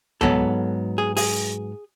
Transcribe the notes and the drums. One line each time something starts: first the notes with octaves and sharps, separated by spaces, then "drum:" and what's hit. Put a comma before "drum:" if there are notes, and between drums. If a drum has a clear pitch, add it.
G#2 F#3 B3 A4, drum: tom
G#4
G#4, drum: open hi-hat